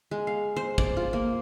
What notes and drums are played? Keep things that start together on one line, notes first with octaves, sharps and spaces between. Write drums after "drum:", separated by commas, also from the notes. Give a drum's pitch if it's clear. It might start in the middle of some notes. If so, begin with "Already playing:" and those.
G#3
F5
C5
D5, drum: kick
F4
A#3